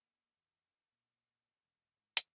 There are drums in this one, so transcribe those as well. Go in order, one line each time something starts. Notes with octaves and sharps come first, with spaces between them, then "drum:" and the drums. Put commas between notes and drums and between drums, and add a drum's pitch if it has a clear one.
A#3
E2
A#2
E1
G#2
E2, drum: hi-hat